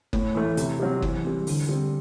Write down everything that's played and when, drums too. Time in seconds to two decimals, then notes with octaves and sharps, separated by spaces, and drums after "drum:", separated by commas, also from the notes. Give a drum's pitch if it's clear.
0.13 A2, drum: kick F#1
0.35 E3 A3 E4
0.57 C3, drum: hi-hat
0.80 F#3 C4 G4
1.02 E3, drum: kick F#1
1.24 G3 C4
1.47 D3, drum: open hi-hat
1.69 G3 C4